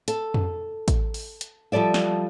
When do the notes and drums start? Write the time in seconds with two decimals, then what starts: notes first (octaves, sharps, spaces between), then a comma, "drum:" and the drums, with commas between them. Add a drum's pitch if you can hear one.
0.08 A4, drum: hi-hat
0.34 drum: tom F2
0.88 drum: kick A1, hi-hat
1.14 drum: open hi-hat
1.41 drum: hi-hat
1.72 F3 G3 A4 D5 E5
1.94 drum: snare